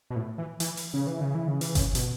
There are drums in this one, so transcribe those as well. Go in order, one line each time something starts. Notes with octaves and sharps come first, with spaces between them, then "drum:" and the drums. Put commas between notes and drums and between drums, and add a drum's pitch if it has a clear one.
B2
A2
E3
E3, drum: hi-hat
drum: open hi-hat
C#3
E3
C#3
E3
C#3
E3, drum: open hi-hat
C#3, drum: kick G1, hi-hat
B2, drum: hi-hat